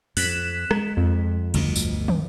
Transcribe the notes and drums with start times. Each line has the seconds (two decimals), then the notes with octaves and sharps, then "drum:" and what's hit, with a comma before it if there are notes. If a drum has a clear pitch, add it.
0.17 F2 F#6 B6 E7, drum: open hi-hat
0.71 G#3, drum: rim click
0.97 F2
1.54 G1 D2 B2, drum: cymbal
1.76 drum: tambourine
2.08 drum: tom